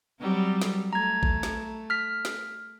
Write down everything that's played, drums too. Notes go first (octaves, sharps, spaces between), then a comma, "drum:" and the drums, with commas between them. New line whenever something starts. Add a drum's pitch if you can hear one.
F#3 G3 C4
drum: snare
A3 A#5 G#6
drum: kick
drum: snare
F6 B6
drum: snare